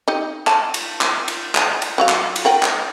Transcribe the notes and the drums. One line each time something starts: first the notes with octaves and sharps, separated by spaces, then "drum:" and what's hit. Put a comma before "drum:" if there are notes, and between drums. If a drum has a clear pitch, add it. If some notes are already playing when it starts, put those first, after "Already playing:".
D#4 G4 D#5
A5, drum: clap
drum: cymbal
drum: clap
drum: cymbal
drum: clap
drum: cymbal
F#3 F#4 F5
drum: clap
drum: cymbal
A#4 F#5 G5
drum: clap